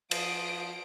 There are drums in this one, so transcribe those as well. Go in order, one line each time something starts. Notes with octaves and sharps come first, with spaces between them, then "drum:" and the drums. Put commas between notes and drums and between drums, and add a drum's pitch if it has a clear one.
F3 D#6 C7 D7, drum: cymbal